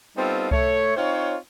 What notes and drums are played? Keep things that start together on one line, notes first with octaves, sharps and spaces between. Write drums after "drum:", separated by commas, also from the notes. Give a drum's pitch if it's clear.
G3 B3 C4 D#4 F4 A4
A3 C#5, drum: kick C2
C4 D#4 F4 C5 C#5